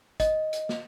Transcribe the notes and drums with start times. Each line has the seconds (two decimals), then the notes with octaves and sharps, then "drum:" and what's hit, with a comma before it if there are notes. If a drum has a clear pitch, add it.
0.20 D#5, drum: kick, hi-hat
0.53 drum: hi-hat
0.69 drum: snare